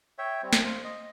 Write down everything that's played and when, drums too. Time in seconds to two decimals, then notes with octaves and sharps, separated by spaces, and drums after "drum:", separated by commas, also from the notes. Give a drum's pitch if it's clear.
0.18 C#5 E5 G5
0.43 G3 C4
0.53 drum: snare
0.64 C5 F5
0.84 D#5